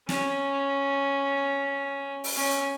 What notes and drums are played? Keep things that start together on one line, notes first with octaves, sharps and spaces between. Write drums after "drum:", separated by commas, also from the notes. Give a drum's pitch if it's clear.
C#4, drum: snare
drum: open hi-hat
C#4